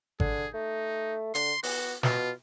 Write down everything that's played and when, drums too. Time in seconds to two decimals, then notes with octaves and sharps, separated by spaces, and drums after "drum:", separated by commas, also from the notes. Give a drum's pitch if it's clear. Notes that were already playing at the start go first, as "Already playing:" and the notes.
0.20 D3 G#4, drum: kick G#1
0.54 A3 D#4
1.35 D3 C6, drum: hi-hat
1.63 B3 F#4, drum: open hi-hat
2.03 B2 F4, drum: snare